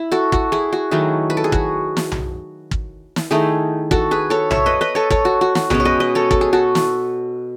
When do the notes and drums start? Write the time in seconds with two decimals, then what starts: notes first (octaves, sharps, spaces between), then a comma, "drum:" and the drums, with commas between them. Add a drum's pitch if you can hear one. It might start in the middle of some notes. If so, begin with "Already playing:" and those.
Already playing: E4
0.12 F#4 A4
0.32 F#4, drum: kick
0.52 E4 G#4
0.73 F#4
0.91 D#3 F#3 A3 E4 G#4
1.30 B4
1.37 A4
1.44 G#4
1.52 F#4, drum: kick
1.97 drum: snare
2.12 drum: tom B1
2.71 drum: kick
3.16 drum: snare
3.31 D#3 A3 D#4 E4 G#4
3.91 F#4 A4, drum: kick
4.11 G#4 B4
4.30 A4 C#5
4.51 C#5 E5, drum: tom B1
4.66 B4 D#5
4.81 B4 D#5
4.95 A4 C#5
5.10 A4 C#5, drum: kick
5.25 F#4
5.41 F#4
5.55 F#4, drum: snare
5.70 B2 G#3 C#4 G#4 B4, drum: tom B1
5.80 C#5
5.85 B4 D#5
6.00 B4 D#5
6.15 A4 C#5
6.31 A4, drum: kick
6.41 G#4
6.53 F#4 A4
6.75 drum: snare